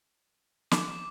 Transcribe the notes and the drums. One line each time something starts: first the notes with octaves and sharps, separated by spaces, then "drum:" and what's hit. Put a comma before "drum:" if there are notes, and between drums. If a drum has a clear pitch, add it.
D6, drum: snare